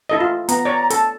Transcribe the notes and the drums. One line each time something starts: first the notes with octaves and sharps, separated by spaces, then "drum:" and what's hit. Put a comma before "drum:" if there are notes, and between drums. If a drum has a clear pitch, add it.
E4 A4 D#5
F4
B3 A#5, drum: hi-hat
C#5 D5
A4 A5, drum: hi-hat